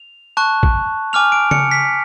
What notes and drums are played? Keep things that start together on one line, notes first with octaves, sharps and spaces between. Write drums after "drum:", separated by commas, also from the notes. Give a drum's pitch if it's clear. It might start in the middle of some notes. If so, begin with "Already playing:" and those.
Already playing: F7
A5 C#6 F#6
drum: kick
G#5 D6 F6 F7
D7
C#7, drum: tom C#3
B6